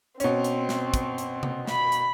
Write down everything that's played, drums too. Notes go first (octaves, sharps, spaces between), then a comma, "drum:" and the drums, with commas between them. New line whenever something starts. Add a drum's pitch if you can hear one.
B2 C4 C#4, drum: hi-hat
drum: hi-hat
drum: snare
drum: kick, hi-hat
drum: hi-hat
drum: tom C3
B5, drum: snare
drum: hi-hat